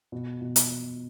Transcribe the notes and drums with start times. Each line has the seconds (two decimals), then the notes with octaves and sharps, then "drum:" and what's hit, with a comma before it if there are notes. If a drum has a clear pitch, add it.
0.12 B2
0.41 B2
0.56 drum: hi-hat